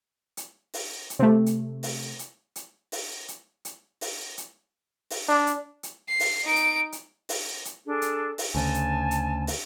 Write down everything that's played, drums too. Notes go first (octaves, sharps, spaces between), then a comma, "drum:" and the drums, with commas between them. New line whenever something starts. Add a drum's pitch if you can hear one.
drum: hi-hat
drum: open hi-hat
drum: hi-hat
C3 A3
drum: hi-hat
drum: open hi-hat
drum: hi-hat
drum: hi-hat
drum: open hi-hat
drum: hi-hat
drum: hi-hat
drum: open hi-hat
drum: hi-hat
drum: open hi-hat
D4
drum: hi-hat
drum: hi-hat
C7
drum: open hi-hat
D#4 D7
drum: hi-hat
drum: hi-hat
drum: open hi-hat
drum: hi-hat
D4 G#4 A4
drum: hi-hat
drum: open hi-hat
D2 C#3 G#5 A5
drum: hi-hat
drum: hi-hat
drum: open hi-hat